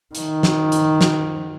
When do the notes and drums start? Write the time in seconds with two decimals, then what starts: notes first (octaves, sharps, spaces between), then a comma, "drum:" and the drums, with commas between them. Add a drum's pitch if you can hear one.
0.15 D#3, drum: hi-hat
0.43 drum: snare
0.72 drum: hi-hat
1.01 drum: snare